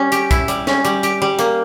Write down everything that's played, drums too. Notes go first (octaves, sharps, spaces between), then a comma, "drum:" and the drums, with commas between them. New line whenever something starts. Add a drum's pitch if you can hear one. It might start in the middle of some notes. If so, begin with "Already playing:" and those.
Already playing: G3 C#4
G4, drum: hi-hat
E4, drum: kick, hi-hat
G3, drum: hi-hat
C#4, drum: snare
G3, drum: hi-hat
G4, drum: hi-hat
G3
A#3, drum: hi-hat